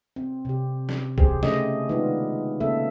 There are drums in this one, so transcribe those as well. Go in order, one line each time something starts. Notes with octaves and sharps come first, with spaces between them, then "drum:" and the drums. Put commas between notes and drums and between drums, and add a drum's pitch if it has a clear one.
C4
C3 G4
drum: snare
G4 G#4 C5, drum: kick
C#3 A3 G#4 D#5, drum: snare
D#3 G#3 B3 D4 F4
C#3 A#3 A4 E5